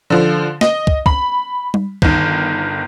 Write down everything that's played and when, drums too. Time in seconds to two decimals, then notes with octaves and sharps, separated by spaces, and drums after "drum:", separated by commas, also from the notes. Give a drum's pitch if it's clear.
0.10 D3 F3
0.61 D#5, drum: snare
0.87 drum: kick
1.06 B5, drum: kick
1.74 drum: tom G3
2.02 G1 D#3, drum: kick